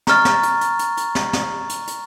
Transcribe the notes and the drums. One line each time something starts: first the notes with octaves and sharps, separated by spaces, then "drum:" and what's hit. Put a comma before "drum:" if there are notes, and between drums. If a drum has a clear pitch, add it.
A#5 C#6 F6 A6, drum: snare
drum: snare
drum: hi-hat
drum: hi-hat
drum: hi-hat
drum: hi-hat
drum: snare
drum: snare
drum: hi-hat
drum: hi-hat